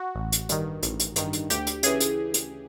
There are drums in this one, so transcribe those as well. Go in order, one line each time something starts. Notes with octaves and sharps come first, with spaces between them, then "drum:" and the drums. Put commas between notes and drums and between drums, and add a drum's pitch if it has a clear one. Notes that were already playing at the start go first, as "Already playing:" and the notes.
Already playing: F#4
A1
drum: hi-hat
G2 D#3, drum: hi-hat
A1, drum: hi-hat
drum: hi-hat
G2 D#3, drum: hi-hat
drum: hi-hat
D2 G4, drum: hi-hat
drum: hi-hat
C#3 E3 G#4, drum: hi-hat
drum: hi-hat
drum: hi-hat